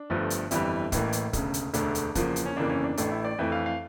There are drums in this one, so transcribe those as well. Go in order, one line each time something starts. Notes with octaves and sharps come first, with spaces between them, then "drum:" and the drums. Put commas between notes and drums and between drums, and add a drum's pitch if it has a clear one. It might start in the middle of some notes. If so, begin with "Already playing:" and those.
Already playing: D4
G1 G2 F3 A3
drum: hi-hat
G1 F2 E3 G3 E4, drum: hi-hat
A1 A2 E3 A#3, drum: kick, hi-hat
drum: hi-hat
E1 D2 C#3, drum: kick, hi-hat
drum: hi-hat
E1 D2 D3 A3 D4, drum: hi-hat
drum: hi-hat
E2 C#3 F3 A#3, drum: kick, hi-hat
drum: hi-hat
C#4
G1 F2 C#3 E3 A#3 D4
C#4
D4
A1 A2 E3 A3 D4, drum: hi-hat
E4
D5
F2 E3 A3 E5
F5
F5